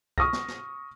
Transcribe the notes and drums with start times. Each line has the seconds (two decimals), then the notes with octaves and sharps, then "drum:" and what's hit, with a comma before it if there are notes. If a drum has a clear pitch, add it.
0.18 C#6 D#6 F6 A#6, drum: kick C2
0.33 drum: snare
0.48 drum: snare